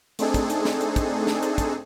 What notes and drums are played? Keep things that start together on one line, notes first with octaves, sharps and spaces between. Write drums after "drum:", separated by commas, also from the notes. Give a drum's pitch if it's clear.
A3 C4 D4 D#4 G#4 A4, drum: hi-hat
drum: kick, hi-hat
drum: hi-hat
drum: snare
drum: hi-hat
drum: kick, hi-hat
drum: snare
drum: hi-hat
drum: kick, hi-hat